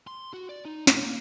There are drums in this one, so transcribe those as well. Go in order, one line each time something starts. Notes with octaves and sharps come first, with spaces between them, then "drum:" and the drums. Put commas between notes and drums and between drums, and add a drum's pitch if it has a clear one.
C6
F#4
D5
D#4
A2, drum: snare
A#3